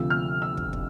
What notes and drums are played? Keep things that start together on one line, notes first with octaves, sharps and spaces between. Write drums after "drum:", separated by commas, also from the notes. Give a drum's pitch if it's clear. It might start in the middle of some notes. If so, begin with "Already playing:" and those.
Already playing: D2 C3 F3 E6
F6
E6
drum: kick
drum: kick